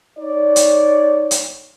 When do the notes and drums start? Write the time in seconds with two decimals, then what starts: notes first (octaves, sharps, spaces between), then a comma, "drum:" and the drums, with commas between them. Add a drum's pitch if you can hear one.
0.18 D#4 C#5 D5
0.56 drum: hi-hat
1.31 drum: hi-hat